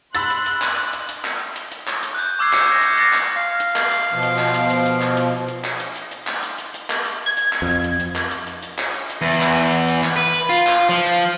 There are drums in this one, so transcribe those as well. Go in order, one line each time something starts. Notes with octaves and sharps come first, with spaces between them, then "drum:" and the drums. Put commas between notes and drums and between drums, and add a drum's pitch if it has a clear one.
B5 C6 E6 F#6 A6, drum: hi-hat
drum: hi-hat
drum: hi-hat
drum: clap
drum: hi-hat
drum: hi-hat
drum: clap
drum: hi-hat
drum: hi-hat
drum: clap
drum: hi-hat
F#6 G6
C#6 D6 E6 F6 G#6 C7
D6 F#6 G6 C#7, drum: clap
G6 A#6 C#7
drum: hi-hat
D6 F#6 G6 A6 A#6 C7, drum: hi-hat
drum: clap
F5
drum: hi-hat
drum: clap
drum: hi-hat
B2 F3
drum: hi-hat
drum: clap
drum: hi-hat
drum: hi-hat
drum: hi-hat
drum: clap
drum: hi-hat
drum: hi-hat
drum: clap
drum: hi-hat
drum: hi-hat
drum: hi-hat
drum: clap
drum: hi-hat
drum: hi-hat
drum: hi-hat
drum: clap
drum: hi-hat
G#6
drum: hi-hat
drum: clap
F2
drum: hi-hat
drum: hi-hat
drum: clap
drum: hi-hat
drum: hi-hat
drum: hi-hat
drum: clap
drum: hi-hat
drum: hi-hat
E2
drum: clap
drum: hi-hat
drum: hi-hat
drum: hi-hat
drum: clap
B4
drum: hi-hat
F4, drum: hi-hat
drum: clap
F3
drum: hi-hat